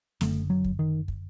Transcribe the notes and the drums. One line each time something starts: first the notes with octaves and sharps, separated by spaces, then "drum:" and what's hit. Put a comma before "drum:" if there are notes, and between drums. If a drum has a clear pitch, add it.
F#1 F#2 D3 A3, drum: snare
F#3
drum: kick
D#3
drum: kick